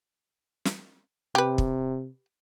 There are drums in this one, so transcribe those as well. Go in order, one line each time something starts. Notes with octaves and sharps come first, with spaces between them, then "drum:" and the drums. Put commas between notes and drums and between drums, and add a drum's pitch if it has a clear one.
drum: snare
C3 G4 B4
drum: kick